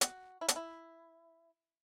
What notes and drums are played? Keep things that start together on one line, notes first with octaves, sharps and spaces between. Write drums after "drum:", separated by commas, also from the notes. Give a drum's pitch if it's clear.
F#4, drum: hi-hat
E4
D4, drum: hi-hat
E4